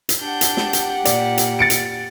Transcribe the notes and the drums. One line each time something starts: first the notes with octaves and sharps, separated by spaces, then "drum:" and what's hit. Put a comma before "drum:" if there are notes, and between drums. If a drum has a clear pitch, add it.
drum: hi-hat
D4 G4 F#5 G6
drum: hi-hat
drum: snare
drum: hi-hat
A#2 D5, drum: hi-hat
drum: hi-hat
A6 C#7 D7
drum: hi-hat